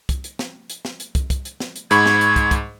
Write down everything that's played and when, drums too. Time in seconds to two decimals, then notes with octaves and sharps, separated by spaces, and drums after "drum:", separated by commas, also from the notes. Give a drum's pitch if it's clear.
0.09 drum: kick, hi-hat
0.24 drum: hi-hat
0.39 drum: snare
0.70 drum: hi-hat
0.85 drum: snare
1.00 drum: hi-hat
1.15 drum: kick, hi-hat
1.30 drum: kick, hi-hat
1.45 drum: hi-hat
1.60 drum: snare
1.76 drum: hi-hat
1.91 G#2 B5 C#6 G#6, drum: hi-hat
2.06 drum: snare
2.21 drum: hi-hat
2.36 drum: kick, hi-hat
2.51 drum: kick, hi-hat